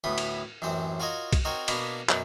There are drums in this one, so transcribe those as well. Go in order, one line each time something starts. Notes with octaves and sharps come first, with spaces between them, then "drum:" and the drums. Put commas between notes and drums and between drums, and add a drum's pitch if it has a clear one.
D2 A2 B3 D#6
drum: cymbal
A1 F#2 C4 C5
F4 F#4 A#4 C#5 D#5
drum: kick, cymbal
C4 D#4 F#4 A#4 C#5
B2 A#3 B3 D4 F#4, drum: cymbal
F#2 B2 F#3, drum: clap